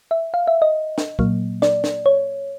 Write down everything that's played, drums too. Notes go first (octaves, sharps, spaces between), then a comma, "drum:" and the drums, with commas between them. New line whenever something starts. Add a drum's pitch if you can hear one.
E5
F5
E5
D#5
drum: snare
A#2 F#3 A#3, drum: kick
D5, drum: snare
drum: snare
C#5